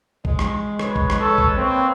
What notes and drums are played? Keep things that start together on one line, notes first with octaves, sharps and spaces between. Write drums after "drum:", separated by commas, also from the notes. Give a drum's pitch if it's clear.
G#3, drum: kick
drum: rim click
B4 C#5, drum: rim click
drum: kick
drum: rim click
A4
drum: kick
A#3 C4